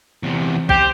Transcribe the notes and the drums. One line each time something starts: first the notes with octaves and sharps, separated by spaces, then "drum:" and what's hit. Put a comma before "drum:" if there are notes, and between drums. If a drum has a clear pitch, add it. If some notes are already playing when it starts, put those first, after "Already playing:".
E2 C3
G4 C5, drum: kick